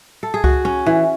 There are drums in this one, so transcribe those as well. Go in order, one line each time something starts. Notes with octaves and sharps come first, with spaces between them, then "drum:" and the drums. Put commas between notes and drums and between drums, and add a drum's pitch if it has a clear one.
A4
G#4
F#4, drum: kick C#2
C#4
E3